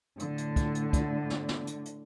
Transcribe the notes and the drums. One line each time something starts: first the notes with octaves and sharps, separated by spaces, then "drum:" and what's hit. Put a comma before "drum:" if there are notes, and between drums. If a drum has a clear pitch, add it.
A2 D3, drum: hi-hat
drum: hi-hat
drum: kick, hi-hat
drum: hi-hat
drum: kick, hi-hat
drum: snare
drum: snare
drum: hi-hat
drum: hi-hat